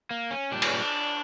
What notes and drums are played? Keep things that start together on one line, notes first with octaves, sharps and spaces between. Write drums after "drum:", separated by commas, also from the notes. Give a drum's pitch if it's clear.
A#3
C#4
A#2 G3 D4
C#4, drum: cymbal
D4